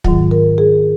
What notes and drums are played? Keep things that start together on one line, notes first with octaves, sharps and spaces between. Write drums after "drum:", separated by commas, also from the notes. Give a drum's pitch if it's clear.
G#2 D#3 F#3 F4, drum: kick
A#4
G#4